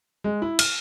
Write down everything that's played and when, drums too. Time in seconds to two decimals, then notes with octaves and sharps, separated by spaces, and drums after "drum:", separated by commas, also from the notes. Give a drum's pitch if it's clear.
0.24 G#3
0.42 E4
0.59 F6, drum: cymbal